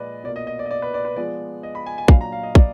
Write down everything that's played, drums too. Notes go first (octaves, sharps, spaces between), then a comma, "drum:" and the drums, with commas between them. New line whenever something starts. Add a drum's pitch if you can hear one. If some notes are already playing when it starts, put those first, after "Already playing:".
Already playing: A#2 F3 G#3 B4 D5 D#5
B2 A#3 F4 D5
D#5
D#5
D5
D#5
D5
B4
D5
B4
F3 G#3 B3 F4 D5
D#5
B5
G#5
G#5
A#2 F#3 D4 F5, drum: kick
A#5
F5
D#5
D5, drum: kick